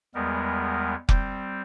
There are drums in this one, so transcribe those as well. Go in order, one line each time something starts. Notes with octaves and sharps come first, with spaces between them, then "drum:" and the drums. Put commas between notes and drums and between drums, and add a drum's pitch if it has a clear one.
E2 G3 G#3 B3 A#4
G3 C4, drum: kick F1